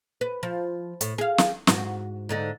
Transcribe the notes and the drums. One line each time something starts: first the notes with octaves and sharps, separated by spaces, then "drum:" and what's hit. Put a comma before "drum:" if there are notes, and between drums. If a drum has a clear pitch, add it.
B4
F3
A2, drum: hi-hat
G#4 F5
drum: snare
G#2 F#4, drum: snare
G#2 D3 D#4